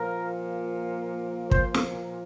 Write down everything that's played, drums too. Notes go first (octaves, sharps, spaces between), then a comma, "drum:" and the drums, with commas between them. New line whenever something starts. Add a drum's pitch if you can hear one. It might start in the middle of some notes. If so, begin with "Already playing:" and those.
Already playing: A#2 F3 A#3 A#4
C5, drum: kick
drum: snare